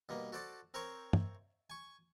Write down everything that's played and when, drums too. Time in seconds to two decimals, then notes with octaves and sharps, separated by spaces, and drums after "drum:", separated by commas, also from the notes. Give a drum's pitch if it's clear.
0.09 G2 B2 A#3
0.32 F#4 A4 C5 D5 A5
0.74 C4 A#4 C5 C#5 C#6
1.13 drum: tom
1.70 G#5 C#6